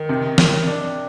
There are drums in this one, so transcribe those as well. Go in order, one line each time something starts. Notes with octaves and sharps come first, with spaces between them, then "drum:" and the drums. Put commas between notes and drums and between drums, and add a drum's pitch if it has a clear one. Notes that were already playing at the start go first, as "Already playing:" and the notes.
Already playing: D#3
C3
C3, drum: snare
D4